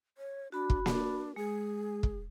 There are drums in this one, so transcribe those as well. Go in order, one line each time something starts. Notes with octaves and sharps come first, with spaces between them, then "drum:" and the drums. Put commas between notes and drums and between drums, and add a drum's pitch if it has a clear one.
C#5
D4 F#4 B5
drum: kick
D4, drum: snare A#3
G#3 G#4
drum: kick